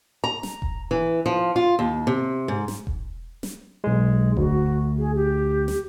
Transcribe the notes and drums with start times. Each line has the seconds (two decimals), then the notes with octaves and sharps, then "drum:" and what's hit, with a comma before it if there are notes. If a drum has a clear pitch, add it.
0.24 A#5
0.43 drum: snare
0.62 drum: kick E1
0.91 E3
1.26 F3
1.56 F4
1.79 D#2
2.07 C3
2.48 G#2
2.68 drum: snare
2.87 drum: kick E1
3.43 drum: snare
3.84 B1 G#3
4.37 D2 F#4, drum: kick E1
4.98 G#4
5.15 G4
5.68 drum: snare